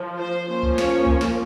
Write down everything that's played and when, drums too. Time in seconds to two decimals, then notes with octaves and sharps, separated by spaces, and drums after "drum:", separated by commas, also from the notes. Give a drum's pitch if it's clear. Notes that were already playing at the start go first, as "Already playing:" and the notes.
Already playing: F3
0.19 C5
0.49 F3 A#3 C#4 C5
0.63 drum: kick C#2
0.78 C#5, drum: snare
1.06 drum: kick C#2
1.21 drum: snare